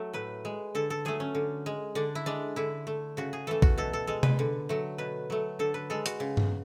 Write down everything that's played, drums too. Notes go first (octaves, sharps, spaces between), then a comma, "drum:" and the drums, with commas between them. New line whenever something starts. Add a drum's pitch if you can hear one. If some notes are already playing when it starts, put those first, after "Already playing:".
Already playing: F#3 A3
A2 B4
G#3
D3 A4
A4
F#3 A3 G#4
C#4
D3
G#3
D3 D4
E4
G#3 D4
D3 E4
A3
C#3 F#4
G#4
E3 A3 A4
F#4, drum: kick A1
B2 A4
A4
G#3 A4
B4, drum: tom C3
D3
F#3 A3
B2 B4
F#3 A3
D3 A4
B4
G#3 A4
F#4, drum: hi-hat
C#3
drum: tom G2